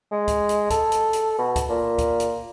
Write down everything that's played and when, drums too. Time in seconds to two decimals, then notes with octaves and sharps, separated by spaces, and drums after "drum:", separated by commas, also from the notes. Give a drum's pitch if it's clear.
0.12 G#3
0.28 drum: kick, hi-hat
0.49 drum: hi-hat
0.70 A4, drum: kick, hi-hat
0.92 drum: hi-hat
1.13 drum: hi-hat
1.38 B2
1.56 drum: kick, hi-hat
1.69 A#2
1.98 drum: kick, hi-hat
2.20 drum: hi-hat